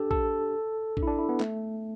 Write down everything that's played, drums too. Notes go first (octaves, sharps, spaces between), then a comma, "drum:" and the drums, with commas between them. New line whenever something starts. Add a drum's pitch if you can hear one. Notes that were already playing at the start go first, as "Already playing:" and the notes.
Already playing: D4 G4 A4
A4, drum: kick
D4, drum: kick
E4
D4
E4
B3
A3, drum: clap